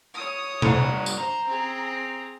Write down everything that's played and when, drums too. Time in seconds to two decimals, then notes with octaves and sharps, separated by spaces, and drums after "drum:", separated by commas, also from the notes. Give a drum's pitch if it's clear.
0.14 C#5 D#6
0.62 G2 F#5 A#5, drum: tom C3
1.06 drum: tambourine
1.18 C5 A#5
1.47 C4 G#4